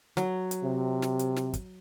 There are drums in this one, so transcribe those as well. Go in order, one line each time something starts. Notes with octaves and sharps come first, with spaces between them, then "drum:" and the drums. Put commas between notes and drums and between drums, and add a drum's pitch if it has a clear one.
F#3, drum: snare
drum: hi-hat
C3
drum: snare
drum: hi-hat
drum: snare
drum: kick, hi-hat